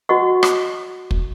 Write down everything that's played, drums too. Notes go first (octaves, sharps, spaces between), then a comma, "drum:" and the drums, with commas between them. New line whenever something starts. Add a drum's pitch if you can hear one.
F#4 D#5 F#5 C#6
drum: rim click
drum: kick